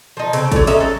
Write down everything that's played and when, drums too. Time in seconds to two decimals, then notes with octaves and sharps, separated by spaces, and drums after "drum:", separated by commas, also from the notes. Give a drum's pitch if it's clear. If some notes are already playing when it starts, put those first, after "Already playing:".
0.17 F3 D#4
0.33 C#3 C4, drum: cymbal
0.52 D3 F#3, drum: kick, cymbal
0.67 G#3 C#4 D#4 E5, drum: cymbal
0.80 F#3 A4